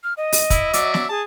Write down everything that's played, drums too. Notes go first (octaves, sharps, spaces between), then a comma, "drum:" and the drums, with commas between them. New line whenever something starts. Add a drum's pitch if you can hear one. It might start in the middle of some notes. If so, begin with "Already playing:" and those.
F6
D#5
drum: open hi-hat
E4, drum: kick, hi-hat
F#3 D5 E5, drum: hi-hat
drum: snare
G#4 A5